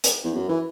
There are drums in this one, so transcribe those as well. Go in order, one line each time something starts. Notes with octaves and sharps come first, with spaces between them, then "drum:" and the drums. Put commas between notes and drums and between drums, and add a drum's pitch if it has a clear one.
drum: hi-hat
E2
F#2
E3